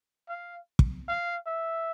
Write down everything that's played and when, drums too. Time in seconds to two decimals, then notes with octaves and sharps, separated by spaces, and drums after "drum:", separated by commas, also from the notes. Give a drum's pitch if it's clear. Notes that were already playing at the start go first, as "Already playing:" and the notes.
0.29 F5
0.79 drum: kick
1.08 F5
1.46 E5